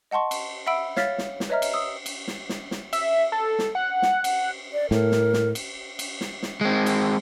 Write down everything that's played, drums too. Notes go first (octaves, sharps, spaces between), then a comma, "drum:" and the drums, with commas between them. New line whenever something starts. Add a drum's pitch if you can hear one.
D#5 F#5 A5 C6 C#6
drum: cymbal
E5 F#5 B5 E6 D7
C#5 F5 F6 A6 B6, drum: snare
drum: snare
drum: snare
B4 C#5 D#5 E5 A#5 F6
drum: cymbal
D#6 E6
drum: cymbal
drum: snare
drum: snare
drum: snare
E5, drum: cymbal
A4
drum: snare
F#5
drum: snare
drum: cymbal
D5
A2 A#4, drum: snare
drum: snare
drum: snare
drum: cymbal
drum: cymbal
drum: snare
drum: snare
G#3 C4
drum: cymbal